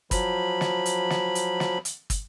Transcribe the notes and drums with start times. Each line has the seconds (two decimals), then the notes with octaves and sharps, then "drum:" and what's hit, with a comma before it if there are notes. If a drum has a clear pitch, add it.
0.11 F3 F#3 B5, drum: kick, hi-hat
0.61 drum: snare
0.86 drum: hi-hat
1.10 drum: snare
1.35 drum: hi-hat
1.60 drum: snare
1.85 drum: hi-hat
2.10 drum: kick, hi-hat